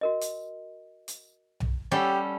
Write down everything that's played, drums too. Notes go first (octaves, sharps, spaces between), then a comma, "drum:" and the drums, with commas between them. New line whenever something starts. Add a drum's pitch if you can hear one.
F#4 A#4 D#5
drum: hi-hat
drum: hi-hat
drum: tom B1
G3 C#4 G4 A4 F#5 G5